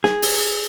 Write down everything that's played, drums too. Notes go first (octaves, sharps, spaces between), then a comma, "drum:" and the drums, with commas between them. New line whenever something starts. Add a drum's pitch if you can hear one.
G#4, drum: snare
drum: open hi-hat